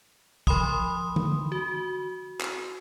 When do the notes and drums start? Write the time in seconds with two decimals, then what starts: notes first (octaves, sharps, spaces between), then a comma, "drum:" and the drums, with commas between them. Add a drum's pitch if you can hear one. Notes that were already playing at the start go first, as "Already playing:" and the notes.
0.47 F3 B5 C6 D#6, drum: kick
1.16 drum: tom D3
1.52 F#4
2.41 drum: clap